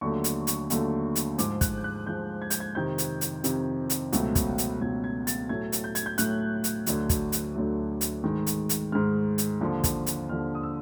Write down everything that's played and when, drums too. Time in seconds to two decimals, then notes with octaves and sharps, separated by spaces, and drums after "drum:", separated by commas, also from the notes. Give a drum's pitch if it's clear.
0.01 D#2 D3 F#3 A3 C#6
0.24 drum: hi-hat
0.47 drum: hi-hat
0.70 D#2 D3 F#3 A3, drum: hi-hat
1.15 drum: hi-hat
1.38 G#2 F3 G#3 D6, drum: hi-hat
1.61 F#6, drum: kick, hi-hat
1.78 G6
1.84 F#6
2.06 G#2 F3 G#3 G6
2.42 G#6
2.50 G6, drum: hi-hat
2.60 G#6
2.75 F2 C3 D#3 G6
2.98 drum: hi-hat
3.21 drum: hi-hat
3.44 F2 C3 D#3, drum: hi-hat
3.90 drum: hi-hat
4.13 C#2 B2 F#3 A3, drum: hi-hat
4.35 drum: kick, hi-hat
4.58 drum: hi-hat
4.81 C#2 B2 F#3 A3 G#6
5.04 G#6
5.27 A6, drum: hi-hat
5.49 A2 F#3 A3 G#6
5.72 drum: hi-hat
5.84 G6
5.95 G#6, drum: hi-hat
6.06 G6
6.18 A2 F#3 A3 F#6, drum: hi-hat
6.64 drum: hi-hat
6.86 D2 D3 F#3 A3, drum: hi-hat
7.09 drum: kick, hi-hat
7.32 drum: hi-hat
7.55 D2 D3 F#3 A3
8.01 drum: hi-hat
8.24 G#2 D#3 G#3
8.47 drum: hi-hat
8.69 drum: hi-hat
8.92 G#2 D#3 G#3 F6
9.38 drum: hi-hat
9.61 D#2 D3 F3
9.84 drum: kick, hi-hat
10.06 drum: hi-hat
10.29 D#2 D3 F3 F6
10.55 D#6
10.63 E6